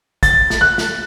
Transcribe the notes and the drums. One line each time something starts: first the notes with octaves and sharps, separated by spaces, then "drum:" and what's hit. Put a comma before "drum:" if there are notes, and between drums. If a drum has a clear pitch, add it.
A6, drum: kick, hi-hat
drum: snare
F#6
drum: snare